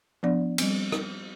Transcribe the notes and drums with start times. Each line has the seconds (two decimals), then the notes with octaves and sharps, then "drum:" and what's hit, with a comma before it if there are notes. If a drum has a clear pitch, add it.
0.23 F3 B3 D4 D5
0.58 G3 C4, drum: cymbal
0.92 drum: rim click